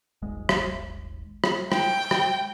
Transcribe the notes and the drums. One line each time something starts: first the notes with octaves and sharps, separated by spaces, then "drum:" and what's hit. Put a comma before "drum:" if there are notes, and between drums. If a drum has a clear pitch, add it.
D#1 G#1 G#3
drum: rim click
drum: rim click
G#3 G5, drum: rim click
drum: rim click